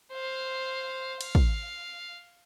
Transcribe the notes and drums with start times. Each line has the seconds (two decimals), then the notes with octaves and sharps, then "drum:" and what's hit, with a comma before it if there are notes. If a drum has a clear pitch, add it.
0.13 C5 F5
1.21 F5, drum: cymbal
1.35 drum: kick